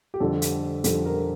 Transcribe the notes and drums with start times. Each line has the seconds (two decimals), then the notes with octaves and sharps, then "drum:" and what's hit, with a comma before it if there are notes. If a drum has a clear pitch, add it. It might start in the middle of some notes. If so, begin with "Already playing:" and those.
0.14 G4
0.20 F2 D3 G3 A4
0.42 drum: hi-hat
0.84 F2 D3 G3 A4, drum: hi-hat
1.05 A#4